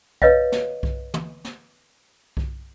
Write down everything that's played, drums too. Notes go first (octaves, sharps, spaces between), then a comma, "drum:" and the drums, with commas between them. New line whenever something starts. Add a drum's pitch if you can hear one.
B4 C#5 D#5 F5, drum: kick B1
drum: snare
drum: kick B1
drum: tom
drum: snare
drum: kick B1